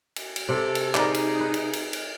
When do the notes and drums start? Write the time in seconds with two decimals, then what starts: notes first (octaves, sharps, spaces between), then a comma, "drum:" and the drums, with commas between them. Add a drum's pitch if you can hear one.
0.16 drum: cymbal
0.36 drum: cymbal
0.49 C3 A4
0.75 drum: cymbal
0.95 D#4 G#4 A#4 D5, drum: clap
1.14 drum: cymbal
1.40 B4
1.54 drum: cymbal
1.73 drum: cymbal
1.93 drum: cymbal